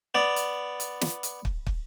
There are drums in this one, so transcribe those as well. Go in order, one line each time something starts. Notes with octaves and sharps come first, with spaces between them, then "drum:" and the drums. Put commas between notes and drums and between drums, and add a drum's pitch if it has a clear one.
B3 D5
drum: hi-hat
drum: hi-hat
drum: snare
drum: hi-hat
drum: kick
drum: kick